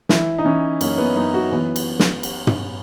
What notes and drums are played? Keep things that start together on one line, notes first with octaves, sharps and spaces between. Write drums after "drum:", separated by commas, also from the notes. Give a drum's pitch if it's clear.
E3 E4, drum: snare
D#4
E3 C#4
F#2 A#3, drum: cymbal
B3
F#2 D#4
F#4
E3 B3
drum: cymbal
drum: snare
drum: cymbal
drum: tom